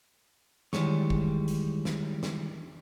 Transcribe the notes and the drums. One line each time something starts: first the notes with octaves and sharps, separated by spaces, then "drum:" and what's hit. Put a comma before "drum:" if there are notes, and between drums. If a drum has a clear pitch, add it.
D#3 E3 G3 G#3 C#5, drum: snare
drum: kick
drum: hi-hat
drum: snare
drum: snare